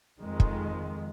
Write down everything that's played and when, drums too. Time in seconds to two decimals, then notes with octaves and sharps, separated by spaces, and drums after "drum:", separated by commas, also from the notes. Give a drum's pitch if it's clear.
0.21 F2 D#3 G#3
0.40 drum: kick